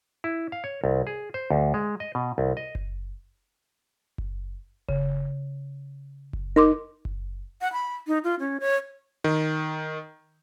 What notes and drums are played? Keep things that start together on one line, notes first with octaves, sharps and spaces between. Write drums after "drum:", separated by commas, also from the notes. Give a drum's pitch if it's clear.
E4
F5
C#5
C2
G#4
C5
D2
G#3
D#5
B2
C2
D#5
drum: kick F#1
drum: kick F#1
C#3, drum: kick F#1
drum: kick F#1
D#4 A#4 C6 D6
drum: kick F#1
F#5
B5
D#4
F4
C#4
C#5
D#3